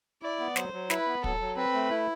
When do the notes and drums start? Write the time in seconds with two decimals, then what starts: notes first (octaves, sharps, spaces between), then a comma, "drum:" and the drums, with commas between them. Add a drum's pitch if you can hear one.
0.22 E4 D5
0.39 B3
0.56 F#3 C5, drum: snare
0.73 F#3
0.90 E4 B4, drum: snare
1.07 B3
1.24 F#3 A4, drum: kick
1.40 F#3
1.57 C4 B4
1.74 A3
1.90 E4